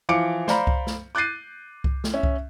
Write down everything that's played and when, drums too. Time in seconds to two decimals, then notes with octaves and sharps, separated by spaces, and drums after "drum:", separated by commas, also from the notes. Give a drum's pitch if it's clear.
0.09 E3 F3 F5 D6 C#7 D7
0.48 C5 D5 F5 A#5 B5, drum: snare
0.67 drum: kick C2
0.87 drum: snare
1.15 D6 F#6 G6 A6 C7 D#7
1.84 drum: kick C2
2.04 drum: snare
2.14 C#4 E5
2.23 drum: kick C2